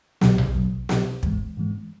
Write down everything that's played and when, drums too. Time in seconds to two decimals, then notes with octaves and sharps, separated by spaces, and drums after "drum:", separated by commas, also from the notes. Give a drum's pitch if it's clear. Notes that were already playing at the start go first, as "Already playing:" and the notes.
0.21 B1 B2 F#3, drum: snare
0.38 drum: tom A#1
0.55 B1 B2 F#3
0.89 B1 B2 F#3, drum: snare
1.23 G#2 E3 G#3, drum: kick
1.57 G#2 E3 G#3